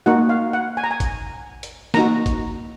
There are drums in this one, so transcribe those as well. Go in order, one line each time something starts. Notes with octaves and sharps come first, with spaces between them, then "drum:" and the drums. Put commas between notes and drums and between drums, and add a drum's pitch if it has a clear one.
A#3 D#4 F#4 F#5
F5
F#5
G#5
A#5
G#5
drum: kick G#1, hi-hat
drum: hi-hat
A#3 D#4 F#4 A#5, drum: snare
drum: kick G#1, hi-hat